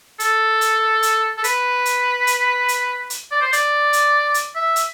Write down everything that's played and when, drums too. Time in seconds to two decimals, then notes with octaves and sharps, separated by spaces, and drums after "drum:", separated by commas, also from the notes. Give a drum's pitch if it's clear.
0.20 A4, drum: hi-hat
0.61 drum: hi-hat
1.03 drum: hi-hat
1.38 A4
1.44 B4, drum: hi-hat
1.86 drum: hi-hat
2.27 drum: hi-hat
2.68 drum: hi-hat
3.10 drum: hi-hat
3.31 D5
3.41 C5
3.53 D5, drum: hi-hat
3.93 drum: hi-hat
4.34 drum: hi-hat
4.55 E5
4.76 drum: hi-hat